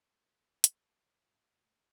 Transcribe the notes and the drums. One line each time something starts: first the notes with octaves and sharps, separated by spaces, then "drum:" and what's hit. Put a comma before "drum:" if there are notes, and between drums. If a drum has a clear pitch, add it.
F#2
drum: hi-hat
A2